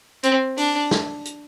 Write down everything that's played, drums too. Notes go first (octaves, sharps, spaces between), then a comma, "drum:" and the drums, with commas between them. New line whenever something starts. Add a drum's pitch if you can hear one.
C4, drum: hi-hat
D4, drum: open hi-hat
drum: snare
drum: hi-hat